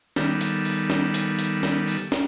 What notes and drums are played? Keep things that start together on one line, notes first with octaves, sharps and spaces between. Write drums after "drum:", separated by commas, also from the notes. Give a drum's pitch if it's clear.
D#3 G3 B3 A4, drum: snare
drum: hi-hat
drum: open hi-hat
drum: snare
drum: hi-hat
drum: hi-hat
drum: snare
drum: open hi-hat
drum: snare